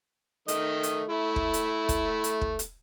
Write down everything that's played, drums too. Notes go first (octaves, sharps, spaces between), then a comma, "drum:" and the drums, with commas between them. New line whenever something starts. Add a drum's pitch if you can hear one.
D#3 A3 D#5, drum: hi-hat
drum: hi-hat
A3 E4
drum: kick
drum: hi-hat
drum: kick, hi-hat
drum: hi-hat
drum: kick
drum: hi-hat